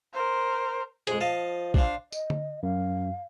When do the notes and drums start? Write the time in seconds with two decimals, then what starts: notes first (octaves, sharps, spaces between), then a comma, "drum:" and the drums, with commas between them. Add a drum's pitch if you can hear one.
0.14 A#4 C5
1.07 F2 G#3 G#4, drum: hi-hat
1.21 F3 D#5 F5 A5
1.74 D4 C5 F5, drum: kick
2.12 D#5, drum: tambourine
2.30 drum: tom
2.63 F#2 F5